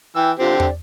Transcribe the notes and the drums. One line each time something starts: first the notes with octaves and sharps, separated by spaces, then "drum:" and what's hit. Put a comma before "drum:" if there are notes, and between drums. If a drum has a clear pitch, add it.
E3 G5 E6
D3 C4 F4 G4
D5, drum: tom